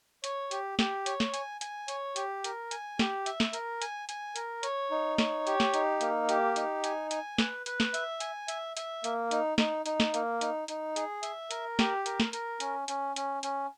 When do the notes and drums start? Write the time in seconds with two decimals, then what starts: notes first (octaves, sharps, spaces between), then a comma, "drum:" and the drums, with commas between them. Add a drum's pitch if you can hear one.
0.24 C#5, drum: hi-hat
0.51 G4, drum: hi-hat
0.79 G4, drum: snare
1.06 C#5, drum: hi-hat
1.20 drum: snare
1.34 G#5, drum: hi-hat
1.61 G#5, drum: hi-hat
1.88 C#5, drum: hi-hat
2.16 G4, drum: hi-hat
2.44 A#4, drum: hi-hat
2.71 G#5, drum: hi-hat
2.99 G4, drum: snare
3.26 E5, drum: hi-hat
3.40 drum: snare
3.53 A#4, drum: hi-hat
3.82 G#5, drum: hi-hat
4.09 G#5, drum: hi-hat
4.36 A#4, drum: hi-hat
4.63 C#5, drum: hi-hat
4.91 D#4
5.18 C#5, drum: snare
5.47 G4, drum: hi-hat
5.60 drum: snare
5.74 D#4, drum: hi-hat
6.01 A#3, drum: hi-hat
6.29 G4, drum: hi-hat
6.56 D#4, drum: hi-hat
6.84 G#5, drum: hi-hat
7.11 G#5, drum: hi-hat
7.38 B4, drum: snare
7.66 B4, drum: hi-hat
7.80 drum: snare
7.94 E5, drum: hi-hat
8.20 G#5, drum: hi-hat
8.48 E5, drum: hi-hat
8.77 E5, drum: hi-hat
9.04 A#3, drum: hi-hat
9.31 D#4, drum: hi-hat
9.58 D#4, drum: snare
9.86 D#4, drum: hi-hat
10.00 drum: snare
10.14 A#3, drum: hi-hat
10.41 D#4, drum: hi-hat
10.68 D#4, drum: hi-hat
10.96 G#4, drum: hi-hat
11.23 E5, drum: hi-hat
11.51 A#4, drum: hi-hat
11.79 G4, drum: snare
12.06 A#4, drum: hi-hat
12.20 drum: snare
12.33 A#4, drum: hi-hat
12.60 C#4, drum: hi-hat
12.88 C#4, drum: hi-hat
13.16 C#4, drum: hi-hat
13.43 C#4, drum: hi-hat